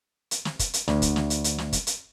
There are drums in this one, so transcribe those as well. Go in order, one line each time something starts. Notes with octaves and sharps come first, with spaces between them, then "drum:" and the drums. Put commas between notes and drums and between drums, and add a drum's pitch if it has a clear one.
drum: hi-hat
drum: snare
drum: kick, hi-hat
drum: hi-hat
D2, drum: snare
drum: kick, hi-hat
drum: snare
drum: hi-hat
drum: hi-hat
drum: snare
drum: kick, hi-hat
drum: hi-hat